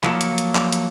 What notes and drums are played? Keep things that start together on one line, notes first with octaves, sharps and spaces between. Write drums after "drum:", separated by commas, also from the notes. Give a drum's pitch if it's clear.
F3 F#3 A#3 A4, drum: clap
drum: hi-hat
drum: hi-hat
drum: clap
drum: hi-hat